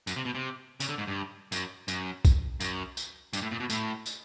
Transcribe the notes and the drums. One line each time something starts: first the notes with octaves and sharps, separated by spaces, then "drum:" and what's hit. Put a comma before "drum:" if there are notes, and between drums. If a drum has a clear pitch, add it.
F#2, drum: tambourine
C3
B2
C3
C#3, drum: tambourine
D3
G#2
G2
F#2, drum: tambourine
F#2, drum: tambourine
drum: kick, tambourine
F#2, drum: tambourine
drum: tambourine
G2, drum: tambourine
A2
A#2
B2
A2, drum: tambourine
drum: tambourine